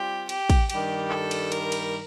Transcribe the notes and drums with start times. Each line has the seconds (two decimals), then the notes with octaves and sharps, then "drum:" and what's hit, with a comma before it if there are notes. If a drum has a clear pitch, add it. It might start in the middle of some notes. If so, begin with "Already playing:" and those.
Already playing: G3 C4 F4 G4
0.29 G4, drum: cymbal
0.50 drum: kick, cymbal
0.70 G2 D#3 G3 G4, drum: cymbal
1.11 A4, drum: clap
1.31 drum: cymbal
1.52 A#4, drum: cymbal
1.72 drum: cymbal